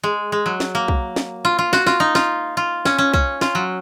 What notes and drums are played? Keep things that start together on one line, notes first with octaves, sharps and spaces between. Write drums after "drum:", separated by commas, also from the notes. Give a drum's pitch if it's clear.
G#3
G#3
F#3
drum: snare
A#3
drum: kick
drum: snare
F4
F4
F#4, drum: snare
F4, drum: snare
D#4
F4, drum: snare
F4
C#4, drum: snare
C#4
C#4, drum: kick
F4, drum: snare
F#3